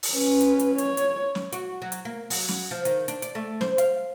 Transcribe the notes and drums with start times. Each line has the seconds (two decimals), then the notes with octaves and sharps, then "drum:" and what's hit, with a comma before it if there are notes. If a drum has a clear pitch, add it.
0.03 drum: open hi-hat
0.13 C#4 B4
0.41 drum: hi-hat
0.59 drum: hi-hat
0.78 C#5, drum: hi-hat
0.97 drum: hi-hat
1.35 drum: snare
1.52 F#4, drum: hi-hat
1.82 F#3
1.92 drum: hi-hat
2.05 A#3
2.30 F#3, drum: open hi-hat
2.48 drum: snare
2.71 F3
2.85 D#3, drum: hi-hat
3.08 D4, drum: hi-hat
3.22 D5, drum: hi-hat
3.35 A3
3.61 C5, drum: snare
3.78 F5, drum: hi-hat